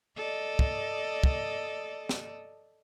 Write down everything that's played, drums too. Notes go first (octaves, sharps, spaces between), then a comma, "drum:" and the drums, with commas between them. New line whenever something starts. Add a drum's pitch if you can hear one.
A4 D5 D#5
drum: kick
drum: kick
drum: snare